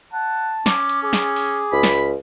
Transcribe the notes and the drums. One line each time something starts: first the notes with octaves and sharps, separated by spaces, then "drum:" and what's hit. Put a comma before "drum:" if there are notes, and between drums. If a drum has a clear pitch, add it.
F#5 A5
C#4 D6, drum: snare
drum: hi-hat
G#4 D6
drum: snare
drum: open hi-hat
C#2 B5
drum: snare